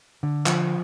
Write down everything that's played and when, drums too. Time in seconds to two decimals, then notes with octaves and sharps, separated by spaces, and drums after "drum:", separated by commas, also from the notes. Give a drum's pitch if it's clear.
0.23 D3
0.46 F3, drum: clap